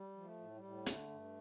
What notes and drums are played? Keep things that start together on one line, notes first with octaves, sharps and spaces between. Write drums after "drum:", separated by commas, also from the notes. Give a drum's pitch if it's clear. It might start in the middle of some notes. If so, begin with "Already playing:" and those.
Already playing: G3
F3
A3
A2
G3
A2
D3 A3, drum: hi-hat
G2